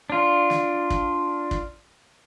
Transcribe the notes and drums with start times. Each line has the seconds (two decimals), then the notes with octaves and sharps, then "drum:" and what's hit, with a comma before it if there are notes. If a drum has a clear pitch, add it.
0.10 D4 F4
0.50 drum: snare
0.90 drum: kick
1.51 drum: kick